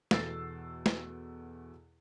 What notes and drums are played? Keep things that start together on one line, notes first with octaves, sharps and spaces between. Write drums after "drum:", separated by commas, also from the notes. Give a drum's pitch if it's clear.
E2 B2 A4 E6 A6 C7, drum: snare
drum: snare